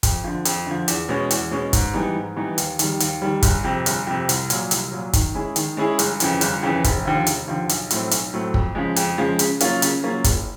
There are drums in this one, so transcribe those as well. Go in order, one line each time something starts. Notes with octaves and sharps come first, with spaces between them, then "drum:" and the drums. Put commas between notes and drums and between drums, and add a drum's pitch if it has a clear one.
F2, drum: kick, hi-hat
D3 F3
F2, drum: hi-hat
D3 F3
E2, drum: hi-hat
B2 G#3 C#4
E2, drum: hi-hat
B2 G#3 C#4
G#2, drum: kick, hi-hat
E3 G3 B3 D#4
G#2
E3 G3 B3 D#4
D#2, drum: hi-hat
D#3 G3, drum: hi-hat
D#2, drum: hi-hat
D#3 G3
G1, drum: kick, hi-hat
F2 C3
G1, drum: hi-hat
F2 C3
C2, drum: hi-hat
A#2 F#3, drum: hi-hat
C2, drum: hi-hat
A#2 F#3
D#3, drum: kick, hi-hat
G#3 C#4 E4 G#4
D#3, drum: hi-hat
G#3 C#4 E4 G#4
G1, drum: hi-hat
F2 C#3 E3, drum: hi-hat
G1, drum: hi-hat
F2 C#3 E3
F1, drum: kick, hi-hat
D#2 D3 F3
F1, drum: hi-hat
D#2 D3 F3
B1, drum: hi-hat
A2 F#3 A3 C4, drum: hi-hat
B1, drum: hi-hat
A2 F#3 A3 C4
F2, drum: kick
C#3 F3 G#3
F2, drum: hi-hat
C#3 F3 G#3
C#3, drum: hi-hat
F#3 A#3 C#4 F4, drum: hi-hat
C#3, drum: hi-hat
F#3 A#3 C#4 F4
F#1, drum: kick, hi-hat